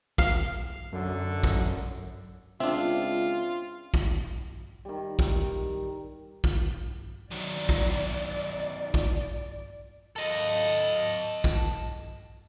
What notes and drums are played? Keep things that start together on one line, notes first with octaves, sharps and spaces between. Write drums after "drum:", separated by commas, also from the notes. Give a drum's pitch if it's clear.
F5, drum: kick
F#2 D3
drum: kick
C#2 C4 D4 F4 E5
drum: kick
D#3 G3
drum: kick
drum: kick
D#3 F#3 D5
drum: kick
drum: kick
A4 D#5
drum: kick